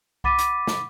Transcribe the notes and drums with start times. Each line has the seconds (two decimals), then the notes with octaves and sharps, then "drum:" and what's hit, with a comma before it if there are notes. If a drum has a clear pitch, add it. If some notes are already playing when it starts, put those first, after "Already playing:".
0.24 F#5 B5 D6 A6 B6 D#7, drum: kick C2
0.39 drum: hi-hat
0.67 drum: snare